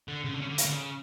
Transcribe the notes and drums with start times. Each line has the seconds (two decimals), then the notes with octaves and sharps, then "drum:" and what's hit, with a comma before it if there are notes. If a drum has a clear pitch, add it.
0.08 D3
0.24 C#3
0.34 D3
0.41 C#3
0.49 D3
0.58 C#3, drum: hi-hat
0.65 D3
0.74 C#3